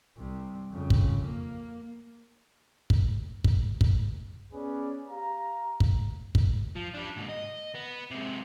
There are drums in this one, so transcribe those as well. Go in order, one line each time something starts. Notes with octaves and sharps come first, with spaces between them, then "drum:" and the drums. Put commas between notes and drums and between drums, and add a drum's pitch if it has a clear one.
C2 C3
F2 C#3
drum: kick
A#3
drum: kick
drum: kick
drum: kick
B3 C#4 G#4 B4 D5
G4 F5 A#5
drum: kick
drum: kick
F3
G3 D4
D#2 G#2
D#5
B3
G#2 C3